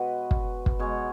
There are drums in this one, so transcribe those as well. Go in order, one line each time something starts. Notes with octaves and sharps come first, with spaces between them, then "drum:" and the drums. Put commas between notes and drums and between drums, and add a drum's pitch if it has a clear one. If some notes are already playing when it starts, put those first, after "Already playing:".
Already playing: B2 G#3 F#4 B4 C#5 D#5
drum: kick
drum: kick
B2 G#3 G#4 C#5